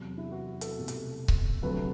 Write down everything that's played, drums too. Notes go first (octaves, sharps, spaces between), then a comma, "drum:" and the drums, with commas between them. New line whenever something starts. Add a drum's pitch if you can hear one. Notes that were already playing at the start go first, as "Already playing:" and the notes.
Already playing: E2 C3 F#3
E4
F#4
F#4
A4, drum: hi-hat
C2 B2 A3
drum: hi-hat
drum: kick C#1
D2 C3 F#3 A3 B4